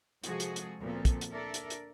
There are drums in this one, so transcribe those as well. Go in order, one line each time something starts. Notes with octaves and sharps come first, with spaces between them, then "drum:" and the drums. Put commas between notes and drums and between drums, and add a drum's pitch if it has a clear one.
C3 F3 G#3 F#4 G#4 A4, drum: hi-hat
drum: hi-hat
drum: hi-hat
D2 A#2 F3 B3 C4 A4
drum: kick, hi-hat
drum: hi-hat
D4 A4 A#4 D5 E5
drum: hi-hat
drum: hi-hat